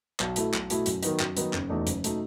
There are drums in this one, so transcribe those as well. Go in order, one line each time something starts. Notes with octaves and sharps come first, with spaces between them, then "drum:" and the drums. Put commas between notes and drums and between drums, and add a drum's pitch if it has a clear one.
B1, drum: clap
B2 A3 E4 A4, drum: hi-hat
B1, drum: clap
B2 A3 E4 A4, drum: hi-hat
F#2, drum: hi-hat
D#3 F#3 B3 D#4, drum: hi-hat
F#2, drum: clap
D#3 F#3 B3 D#4, drum: hi-hat
F#1, drum: clap
E2 B2 A3 D#4
F#1, drum: hi-hat
B2 A3 D#4, drum: hi-hat